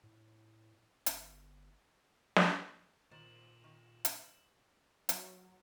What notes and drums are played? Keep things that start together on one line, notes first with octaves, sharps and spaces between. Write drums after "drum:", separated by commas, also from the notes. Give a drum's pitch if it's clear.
A2
G1, drum: hi-hat
drum: snare
A#2 D#3 C5 E7 F#7
D#3
drum: hi-hat
F#3, drum: hi-hat